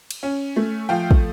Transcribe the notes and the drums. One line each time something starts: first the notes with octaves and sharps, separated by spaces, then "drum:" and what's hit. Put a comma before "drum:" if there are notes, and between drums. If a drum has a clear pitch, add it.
drum: cymbal
C#4
A3
F3 F5 G5
drum: kick